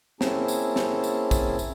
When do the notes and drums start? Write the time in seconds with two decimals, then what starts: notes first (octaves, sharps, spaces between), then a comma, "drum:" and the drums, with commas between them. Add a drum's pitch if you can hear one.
0.21 A#3 C4 C#4 E4 G#4 A5, drum: snare
0.48 drum: tambourine
0.76 drum: snare
1.04 drum: tambourine
1.31 drum: kick A#1, tambourine
1.59 drum: tambourine